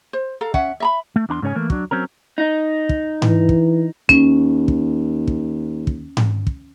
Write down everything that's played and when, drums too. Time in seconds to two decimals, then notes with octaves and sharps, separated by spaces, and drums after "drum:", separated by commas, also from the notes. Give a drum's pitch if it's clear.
0.13 C5
0.41 A4 F5 A#5
0.54 C#4 E5 F#5, drum: kick
0.80 E5 A#5 B5
1.16 A3
1.29 E2 D4 A#5 C6
1.42 G#2 C#3 C#4 C#5 G#5
1.55 E3 A3 A#3
1.70 F#3 D4, drum: kick
1.91 F#3 C4 C#4 A#4
2.38 D#4
2.89 drum: kick
3.22 E3, drum: tom G#2
3.49 drum: kick
4.09 D#2 C#4, drum: kick
4.68 drum: kick
5.27 drum: kick
5.87 drum: kick
6.17 drum: tom G#2
6.47 drum: kick